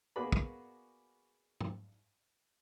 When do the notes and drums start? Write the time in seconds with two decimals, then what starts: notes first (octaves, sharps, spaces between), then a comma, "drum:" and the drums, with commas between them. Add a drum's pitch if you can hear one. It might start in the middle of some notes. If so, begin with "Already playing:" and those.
0.16 A#3 B3 F#4 G#4 D5 B5
0.32 drum: kick
1.61 drum: tom